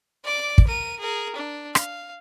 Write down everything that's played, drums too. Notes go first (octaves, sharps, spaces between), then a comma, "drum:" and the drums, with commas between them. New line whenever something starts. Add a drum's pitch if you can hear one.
D5 D6
drum: kick
A#4 D#7
G#4 A#4
D4
F5, drum: rim click